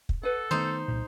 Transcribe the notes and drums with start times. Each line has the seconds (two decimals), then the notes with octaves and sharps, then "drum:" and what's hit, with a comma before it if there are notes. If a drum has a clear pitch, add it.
0.09 drum: kick
0.23 A4 B4 F#5
0.51 D#3 A3 B3 D#4 C5
0.88 C2 A#2